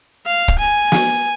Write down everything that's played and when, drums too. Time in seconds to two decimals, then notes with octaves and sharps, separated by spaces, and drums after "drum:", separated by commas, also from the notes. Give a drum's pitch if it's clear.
0.26 F5
0.48 drum: kick
0.59 G#5
0.92 drum: snare